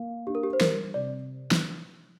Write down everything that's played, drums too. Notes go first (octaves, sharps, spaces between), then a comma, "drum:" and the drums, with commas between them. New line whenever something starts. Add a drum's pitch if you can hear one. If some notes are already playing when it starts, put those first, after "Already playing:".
Already playing: A#3
D4 G4
A#4
G4
C5
G3 A#4, drum: snare
C3 D5
drum: snare